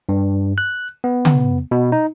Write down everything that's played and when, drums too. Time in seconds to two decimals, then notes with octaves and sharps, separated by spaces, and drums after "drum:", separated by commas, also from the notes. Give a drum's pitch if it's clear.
0.09 G2
0.58 F#6
1.04 B3
1.25 drum: tom C#3
1.71 B2
1.92 D#4